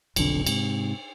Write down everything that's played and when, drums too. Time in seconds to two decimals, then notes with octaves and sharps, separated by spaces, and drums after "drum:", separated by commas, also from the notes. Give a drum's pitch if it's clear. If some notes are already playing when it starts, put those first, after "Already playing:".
0.16 F1 B1 F2 D3, drum: cymbal
0.46 G#2 C3, drum: cymbal